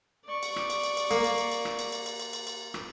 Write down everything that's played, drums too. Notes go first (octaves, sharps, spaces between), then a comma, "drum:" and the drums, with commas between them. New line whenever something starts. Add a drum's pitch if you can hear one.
D5 C#6
drum: cymbal
drum: rim click
drum: cymbal
drum: cymbal
drum: cymbal
A#3, drum: cymbal
drum: cymbal
drum: cymbal
drum: cymbal
drum: rim click
drum: cymbal
drum: cymbal
drum: cymbal
drum: cymbal
drum: cymbal
drum: cymbal
drum: rim click